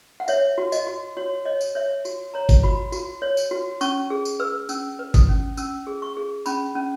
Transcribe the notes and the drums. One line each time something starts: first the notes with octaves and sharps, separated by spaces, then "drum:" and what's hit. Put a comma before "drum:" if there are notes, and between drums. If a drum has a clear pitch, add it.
F#5
C#5 E5, drum: tambourine
F#4
D#5, drum: tambourine
F#4
F#4 C#5
C#5 D#5
drum: tambourine
C#5 E5
F#4, drum: tambourine
C#5 A#5
drum: kick G#1, tambourine
F#4 B5
F#4, drum: tambourine
C#5
drum: tambourine
F#4
C#4 C#6, drum: tambourine
G#4
drum: tambourine
B4 E6
C#4 E6, drum: tambourine
B4
D#6, drum: kick G#1, tambourine
C#4
C#4 E6, drum: tambourine
G#4
C#6
G#4
C#4 B5, drum: tambourine
C#4